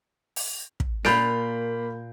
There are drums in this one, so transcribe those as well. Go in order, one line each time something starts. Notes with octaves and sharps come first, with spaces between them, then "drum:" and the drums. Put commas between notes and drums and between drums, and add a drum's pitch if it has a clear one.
drum: open hi-hat
drum: kick
A#2 A#3 F4 B5 G6 D7, drum: snare